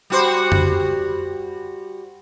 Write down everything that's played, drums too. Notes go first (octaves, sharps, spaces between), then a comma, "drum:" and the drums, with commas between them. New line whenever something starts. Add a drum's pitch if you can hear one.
G3 F#4 C5
drum: tom F2